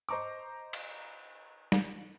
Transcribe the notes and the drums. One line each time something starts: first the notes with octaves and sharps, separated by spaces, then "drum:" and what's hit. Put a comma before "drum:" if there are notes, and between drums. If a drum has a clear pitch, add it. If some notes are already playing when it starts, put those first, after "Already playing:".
C5 D#5 A#5 C#6 D6
drum: cymbal
drum: snare